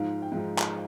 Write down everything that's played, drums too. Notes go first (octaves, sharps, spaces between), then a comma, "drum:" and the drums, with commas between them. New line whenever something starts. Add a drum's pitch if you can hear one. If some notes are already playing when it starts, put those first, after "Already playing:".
Already playing: G#2 F3 G#3 D#4 F5
G5
G#2 F3 G#3 D#4
drum: clap